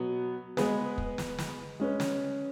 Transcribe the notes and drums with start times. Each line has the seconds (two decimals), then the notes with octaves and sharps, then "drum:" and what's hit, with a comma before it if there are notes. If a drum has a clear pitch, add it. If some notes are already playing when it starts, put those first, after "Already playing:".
Already playing: B2 F#3 B3
0.57 G#3 B3 G#4 B4, drum: snare
0.98 drum: kick
1.18 drum: snare
1.38 drum: snare
1.80 G#3 C#4 B4
2.00 drum: snare